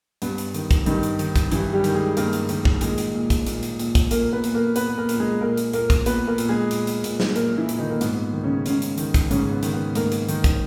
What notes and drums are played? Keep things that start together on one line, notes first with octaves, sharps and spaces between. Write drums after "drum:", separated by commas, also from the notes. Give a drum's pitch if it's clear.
G2 B3, drum: hi-hat
drum: hi-hat
D#3, drum: hi-hat
drum: kick, hi-hat
G2 D#3 D#4, drum: hi-hat
drum: hi-hat
D#3, drum: hi-hat
drum: kick, hi-hat
G2 E3 E4, drum: hi-hat
G3 G4
D#3, drum: hi-hat
G#3 G#4
G2 A#3 A#4, drum: hi-hat
drum: hi-hat
D#3, drum: hi-hat
drum: kick
A#2 G#3 G#4, drum: hi-hat
drum: hi-hat
A#2
drum: kick, hi-hat
A#2, drum: hi-hat
drum: hi-hat
A#2, drum: hi-hat
drum: kick, hi-hat
A#2 A#3 A#4, drum: hi-hat
B3 B4
A#2, drum: hi-hat
A#3 A#4
A#2 B3 B4, drum: hi-hat
A#3 A#4
A#2, drum: hi-hat
G#3 G#4
A#2 A#3 A#4
drum: hi-hat
A#2 A#3 A#4, drum: hi-hat
drum: kick, hi-hat
A#2 B3 B4, drum: hi-hat
A#3 A#4
A#2, drum: hi-hat
G#3 G#4
A#2, drum: hi-hat
drum: hi-hat
A#2, drum: hi-hat
drum: snare
A#2 A#3 A#4, drum: hi-hat
E3 E4
A#2, drum: hi-hat
D#3 D#4
A#3
G#2 B3, drum: hi-hat
B3
D#3
C#3 C#4
G#2 C#3 C#4, drum: hi-hat
drum: hi-hat
D#3, drum: hi-hat
drum: kick, hi-hat
G#2 C#3 C#4, drum: hi-hat
B3
D#3, drum: hi-hat
B3
G#2 A#3 A#4, drum: hi-hat
drum: hi-hat
D#3, drum: hi-hat
drum: kick, hi-hat